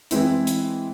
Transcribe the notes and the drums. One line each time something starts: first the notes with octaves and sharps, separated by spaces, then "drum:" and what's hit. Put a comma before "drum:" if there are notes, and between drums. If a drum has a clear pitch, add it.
E3 G#3 C4 E4, drum: hi-hat
drum: hi-hat